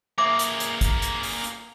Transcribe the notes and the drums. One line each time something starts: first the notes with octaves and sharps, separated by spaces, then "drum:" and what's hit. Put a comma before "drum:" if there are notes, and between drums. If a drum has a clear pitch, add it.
A#3 G#4 E5 D6
drum: hi-hat
drum: hi-hat
drum: kick, hi-hat
drum: hi-hat
drum: open hi-hat
drum: hi-hat